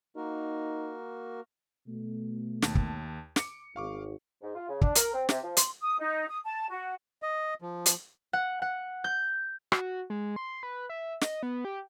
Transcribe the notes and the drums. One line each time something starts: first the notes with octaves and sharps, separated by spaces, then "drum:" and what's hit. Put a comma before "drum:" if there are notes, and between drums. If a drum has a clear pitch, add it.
A#3 D#4 F#4 A#4
B2 A3
D#2 A5, drum: snare
drum: kick
D6 C#7, drum: snare
G#1 F5 C#6 D6
G#2
F4
C#3
D4, drum: kick
A#4, drum: hi-hat
C4
C3, drum: snare
F3
C6, drum: hi-hat
D#6
D#4
D#6
A5
F#4
D#5
F3
drum: hi-hat
F#5
F#5
G6
F#4, drum: rim click
G#3
C6
B4
E5
D#5, drum: snare
B3
G4